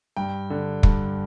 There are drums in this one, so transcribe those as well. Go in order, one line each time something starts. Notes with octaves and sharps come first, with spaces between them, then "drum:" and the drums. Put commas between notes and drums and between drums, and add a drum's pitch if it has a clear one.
G2 G5
D3
G2, drum: kick